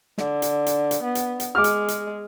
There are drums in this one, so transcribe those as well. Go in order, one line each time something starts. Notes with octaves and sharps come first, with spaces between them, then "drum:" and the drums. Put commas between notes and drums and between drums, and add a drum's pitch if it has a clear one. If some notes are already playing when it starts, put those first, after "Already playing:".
D3, drum: snare
drum: hi-hat
drum: hi-hat
drum: hi-hat
B3
drum: hi-hat
drum: hi-hat
G#3 D6 F6
drum: hi-hat
drum: hi-hat